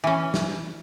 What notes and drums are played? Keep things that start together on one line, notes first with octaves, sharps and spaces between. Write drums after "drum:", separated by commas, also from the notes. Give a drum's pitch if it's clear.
E3 C#4
drum: snare